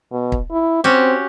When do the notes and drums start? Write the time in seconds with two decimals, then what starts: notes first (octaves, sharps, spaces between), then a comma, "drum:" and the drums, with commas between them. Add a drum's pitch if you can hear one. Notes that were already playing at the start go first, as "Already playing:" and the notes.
0.12 B2
0.32 drum: kick
0.52 E4
0.84 C4 C#4 F#4 G4